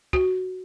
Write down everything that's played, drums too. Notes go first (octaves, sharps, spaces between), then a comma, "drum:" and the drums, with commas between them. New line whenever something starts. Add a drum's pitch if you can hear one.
F#4, drum: kick